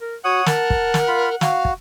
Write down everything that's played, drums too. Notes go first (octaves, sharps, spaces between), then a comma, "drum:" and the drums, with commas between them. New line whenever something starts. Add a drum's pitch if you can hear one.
A#4
F#4 C#5 F#5 D#6
A#4 A5, drum: snare
drum: kick
drum: snare
F4 B5
F#4 F5, drum: snare
drum: kick